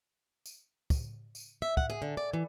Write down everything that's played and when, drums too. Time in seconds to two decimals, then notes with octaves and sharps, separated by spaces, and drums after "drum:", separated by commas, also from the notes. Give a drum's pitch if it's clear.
0.46 drum: tambourine
0.90 drum: kick, tambourine
1.35 drum: tambourine
1.62 E5
1.77 F#5, drum: kick
1.90 G#4
2.02 D3
2.17 D5
2.33 E3